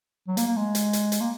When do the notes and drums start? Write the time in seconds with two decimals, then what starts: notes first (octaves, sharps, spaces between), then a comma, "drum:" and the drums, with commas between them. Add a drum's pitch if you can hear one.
0.28 F#3
0.37 A#3, drum: hi-hat
0.47 A#3
0.57 G#3
0.75 drum: hi-hat
0.93 drum: hi-hat
1.12 drum: hi-hat
1.21 A#3